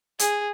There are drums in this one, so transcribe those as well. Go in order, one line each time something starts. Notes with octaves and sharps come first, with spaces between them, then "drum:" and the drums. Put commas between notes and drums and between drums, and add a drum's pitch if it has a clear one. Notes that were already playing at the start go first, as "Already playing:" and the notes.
G#4, drum: hi-hat